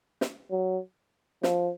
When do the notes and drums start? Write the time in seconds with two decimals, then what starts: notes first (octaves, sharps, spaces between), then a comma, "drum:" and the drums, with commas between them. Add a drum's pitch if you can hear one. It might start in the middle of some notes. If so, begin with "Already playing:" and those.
0.21 drum: snare
0.51 F#3
1.43 F3, drum: snare